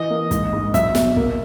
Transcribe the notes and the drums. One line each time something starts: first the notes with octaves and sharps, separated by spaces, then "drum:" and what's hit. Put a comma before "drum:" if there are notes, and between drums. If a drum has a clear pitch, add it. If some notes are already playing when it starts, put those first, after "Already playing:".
Already playing: E3 D#5
A#3
G#2, drum: kick, hi-hat
G#2
F#3 E5, drum: kick, hi-hat
B2, drum: snare
A#3, drum: kick